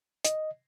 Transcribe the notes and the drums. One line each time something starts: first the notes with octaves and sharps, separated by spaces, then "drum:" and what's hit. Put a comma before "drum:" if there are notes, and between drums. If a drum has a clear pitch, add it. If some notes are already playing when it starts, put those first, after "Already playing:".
D#5, drum: hi-hat